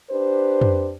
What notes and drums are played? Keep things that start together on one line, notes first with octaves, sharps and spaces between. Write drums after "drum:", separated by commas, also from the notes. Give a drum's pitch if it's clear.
D4 G4 B4 C5
drum: tom